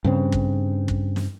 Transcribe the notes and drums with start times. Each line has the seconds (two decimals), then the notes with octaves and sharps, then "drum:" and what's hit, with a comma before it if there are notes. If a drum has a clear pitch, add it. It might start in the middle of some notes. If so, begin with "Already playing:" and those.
0.04 G2 C#3 C4
0.32 drum: kick
0.88 drum: kick
1.16 drum: snare